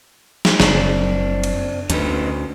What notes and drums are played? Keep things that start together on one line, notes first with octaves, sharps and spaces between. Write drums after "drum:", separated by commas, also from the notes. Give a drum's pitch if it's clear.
drum: snare
F#1 C4 D4, drum: snare
drum: cymbal
D2 C#4 D#4 B4, drum: hi-hat